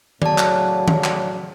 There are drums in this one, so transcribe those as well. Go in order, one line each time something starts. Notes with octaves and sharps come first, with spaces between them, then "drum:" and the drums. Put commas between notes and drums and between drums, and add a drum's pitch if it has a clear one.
A2 C#3 F#3 D5 A5, drum: tom D#3
drum: clap
drum: tom D#3
drum: clap